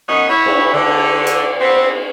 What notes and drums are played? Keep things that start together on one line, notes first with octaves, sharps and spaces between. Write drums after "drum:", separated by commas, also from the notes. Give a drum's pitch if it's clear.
F#2 B3 D#4 C#5 D#5 F#5
E4 F#4 B4 C#5
drum: cymbal
D3
drum: hi-hat
B3 C4